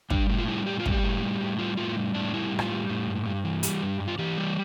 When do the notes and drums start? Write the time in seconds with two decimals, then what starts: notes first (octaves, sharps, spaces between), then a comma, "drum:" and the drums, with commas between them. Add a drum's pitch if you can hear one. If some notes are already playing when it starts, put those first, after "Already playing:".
0.10 G3 D4, drum: kick
0.30 A2
0.39 F4
0.48 G3 E4
0.66 A2 G4
0.80 F4
0.86 G3, drum: kick
0.92 G4
1.03 A2
1.22 G3
1.41 A2
1.59 G3 F4
1.77 A2 F4
1.96 G3
2.14 A2 D4
2.34 G3 E4
2.51 A2
2.59 F4, drum: rim click
2.71 G3
2.90 A2
3.08 G2
3.26 G2
3.44 E3
3.63 G3, drum: hi-hat
3.83 G2
4.00 G2
4.08 F4
4.19 E3 G4
4.38 G3